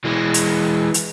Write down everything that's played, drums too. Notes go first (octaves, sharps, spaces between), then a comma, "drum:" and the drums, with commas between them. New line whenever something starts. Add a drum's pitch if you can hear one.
E3 G#3
drum: hi-hat
drum: hi-hat